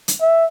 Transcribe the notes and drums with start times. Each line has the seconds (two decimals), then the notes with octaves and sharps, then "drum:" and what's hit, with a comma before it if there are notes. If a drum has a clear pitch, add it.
0.08 drum: hi-hat
0.21 E5